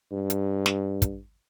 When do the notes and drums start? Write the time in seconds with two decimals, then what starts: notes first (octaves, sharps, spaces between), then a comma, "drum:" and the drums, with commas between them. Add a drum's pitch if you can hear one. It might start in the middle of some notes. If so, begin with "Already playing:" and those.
0.12 G2
0.30 drum: hi-hat
0.66 drum: snare
1.02 drum: kick, hi-hat